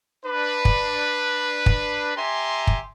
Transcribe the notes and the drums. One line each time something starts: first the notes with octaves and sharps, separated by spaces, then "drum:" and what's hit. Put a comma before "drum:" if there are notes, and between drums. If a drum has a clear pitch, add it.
D4 B4
drum: kick
drum: kick
G4 E5 G#5 A#5 C6
drum: kick